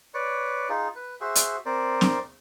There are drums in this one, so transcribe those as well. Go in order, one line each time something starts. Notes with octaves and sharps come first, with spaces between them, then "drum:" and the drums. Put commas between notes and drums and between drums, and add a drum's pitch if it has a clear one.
B4 C#5 D5
D#4 F4 G#4
B4
F#4 G#4 C5 E5
drum: hi-hat
C4 A#4 C5 D5
drum: snare C4